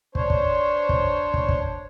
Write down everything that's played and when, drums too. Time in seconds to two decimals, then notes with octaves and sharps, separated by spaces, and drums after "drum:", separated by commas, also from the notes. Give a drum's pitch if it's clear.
0.15 D4 C5 C#5, drum: kick
0.30 drum: kick
0.89 drum: kick
1.34 drum: kick
1.48 drum: kick